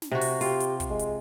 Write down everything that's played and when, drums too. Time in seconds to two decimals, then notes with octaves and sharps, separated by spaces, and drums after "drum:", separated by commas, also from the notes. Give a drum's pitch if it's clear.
0.02 drum: snare
0.11 C3 F#4
0.21 drum: open hi-hat
0.41 F4 G4, drum: open hi-hat
0.60 drum: hi-hat
0.80 drum: kick, hi-hat
0.90 G#3
0.99 drum: hi-hat